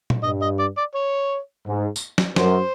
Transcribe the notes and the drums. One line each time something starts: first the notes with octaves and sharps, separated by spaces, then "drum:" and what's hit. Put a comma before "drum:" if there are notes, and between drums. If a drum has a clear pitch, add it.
drum: tom A#2
G2 D#5
D#5
D5
D5
C#5
G#2
drum: tambourine
drum: snare
F#2 C5, drum: snare